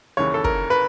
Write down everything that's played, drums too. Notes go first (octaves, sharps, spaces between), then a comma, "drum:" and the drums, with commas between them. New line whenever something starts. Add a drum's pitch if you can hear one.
D#2 C#3 E3 C#5
A4
A#4, drum: kick
B4